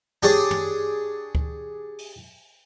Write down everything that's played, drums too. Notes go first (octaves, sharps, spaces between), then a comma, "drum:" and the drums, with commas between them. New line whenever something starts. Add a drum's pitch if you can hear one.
D4 G4 G#4 C#5 D5, drum: tom
drum: tom
drum: kick D2
drum: open hi-hat